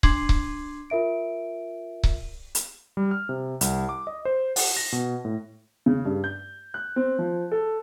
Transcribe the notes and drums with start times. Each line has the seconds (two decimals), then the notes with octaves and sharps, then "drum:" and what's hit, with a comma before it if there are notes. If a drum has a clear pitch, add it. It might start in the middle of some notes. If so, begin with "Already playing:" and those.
0.03 D4 C6 D6 G#6 C7 F#7, drum: kick C#1
0.29 drum: kick C#1
0.90 F4 A#4 E5 D7
2.04 drum: kick C#1
2.55 drum: hi-hat
2.97 G3
3.11 F6
3.29 C3
3.61 C2, drum: hi-hat
3.89 D6
4.07 D#5
4.25 C5
4.56 F#5, drum: open hi-hat
4.77 A#6
4.92 B2
5.25 A2
5.86 C#3
6.05 G2
6.24 G6
6.74 F#6
6.96 C4
7.19 F3
7.52 A4